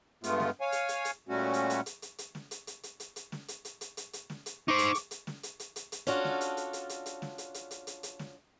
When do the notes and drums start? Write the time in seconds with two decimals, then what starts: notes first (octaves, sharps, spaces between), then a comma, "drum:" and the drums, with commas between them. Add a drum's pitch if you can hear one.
0.24 G2 G#3 A3 B3 F4, drum: hi-hat
0.40 drum: snare
0.61 C#5 F5 G#5
0.72 drum: hi-hat
0.89 drum: hi-hat
1.05 drum: hi-hat
1.29 A#2 G3 A3 C#4 F#4
1.54 drum: hi-hat
1.70 drum: hi-hat
1.86 drum: hi-hat
2.02 drum: hi-hat
2.18 drum: hi-hat
2.35 drum: snare
2.51 drum: hi-hat
2.67 drum: hi-hat
2.83 drum: hi-hat
3.00 drum: hi-hat
3.16 drum: hi-hat
3.32 drum: snare
3.48 drum: hi-hat
3.65 drum: hi-hat
3.81 drum: hi-hat
3.97 drum: hi-hat
4.13 drum: hi-hat
4.30 drum: snare
4.46 drum: hi-hat
4.68 D#4 C5 C#6 D6
4.78 drum: hi-hat
4.95 drum: hi-hat
5.11 drum: hi-hat
5.27 drum: snare
5.43 drum: hi-hat
5.60 drum: hi-hat
5.76 drum: hi-hat
5.92 drum: hi-hat
6.07 C#4 D4 F4 F#4 A4, drum: hi-hat
6.24 drum: snare
6.41 drum: hi-hat
6.57 drum: hi-hat
6.73 drum: hi-hat
6.89 drum: hi-hat
7.06 drum: hi-hat
7.22 drum: snare
7.38 drum: hi-hat
7.54 drum: hi-hat
7.71 drum: hi-hat
7.87 drum: hi-hat
8.03 drum: hi-hat
8.19 drum: snare